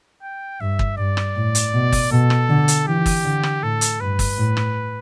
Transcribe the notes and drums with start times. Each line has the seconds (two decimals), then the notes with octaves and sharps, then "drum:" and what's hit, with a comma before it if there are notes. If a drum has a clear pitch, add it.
0.22 G5
0.60 G2 E5
0.79 drum: kick
0.97 G2 D5
1.17 drum: rim click
1.36 A2
1.55 drum: hi-hat
1.73 B2
1.92 drum: kick, open hi-hat
2.12 B2 A4
2.30 drum: rim click
2.49 D3
2.68 drum: hi-hat
2.87 E3 G4
3.06 drum: kick, open hi-hat
3.24 D3
3.43 drum: rim click
3.62 A2 A4
3.81 drum: hi-hat
4.00 G2 B4
4.19 drum: kick, open hi-hat
4.37 A2
4.57 drum: rim click